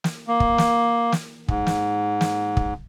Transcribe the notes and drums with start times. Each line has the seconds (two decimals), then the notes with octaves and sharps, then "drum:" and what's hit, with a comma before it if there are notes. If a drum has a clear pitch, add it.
0.04 drum: snare
0.28 A#3
0.40 drum: kick
0.58 drum: snare
1.12 drum: snare
1.48 G#2, drum: kick
1.67 drum: snare
2.21 drum: snare
2.57 drum: kick